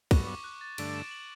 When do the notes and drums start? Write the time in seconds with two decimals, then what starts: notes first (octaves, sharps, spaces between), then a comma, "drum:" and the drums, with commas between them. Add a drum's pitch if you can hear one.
0.11 G2 F#3 B3 C#6, drum: kick, cymbal
0.27 D6
0.44 F#6
0.61 A6
0.78 G2 D3 A3 D4 D7, drum: cymbal
0.94 E7
1.11 F#7